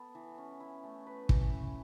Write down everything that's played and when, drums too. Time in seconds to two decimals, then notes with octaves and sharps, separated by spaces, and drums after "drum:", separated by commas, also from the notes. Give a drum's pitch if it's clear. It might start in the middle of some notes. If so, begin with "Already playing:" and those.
Already playing: B3 A4
0.15 E3
0.38 C#4
0.60 E4
0.83 A3
1.06 B4
1.29 E3, drum: kick
1.52 C#4